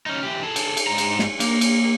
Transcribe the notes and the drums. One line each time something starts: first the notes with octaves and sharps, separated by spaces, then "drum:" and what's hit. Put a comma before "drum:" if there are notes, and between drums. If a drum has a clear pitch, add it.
C#4 D#4
E3 G4
G#4 A4
drum: cymbal
drum: cymbal
G#2 A#5
drum: cymbal
drum: snare
A#3, drum: cymbal
drum: cymbal